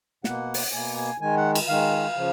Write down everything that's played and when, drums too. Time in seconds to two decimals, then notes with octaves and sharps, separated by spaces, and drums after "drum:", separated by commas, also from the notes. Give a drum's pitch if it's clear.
0.24 B2 A#3 F#5, drum: snare
0.54 drum: open hi-hat
0.72 B2 A#3 G#5
0.96 G#5
1.20 D#3 G#3 G#5
1.37 F#5
1.55 drum: cymbal
1.68 D#3 G#3 F5
2.16 C#3 F3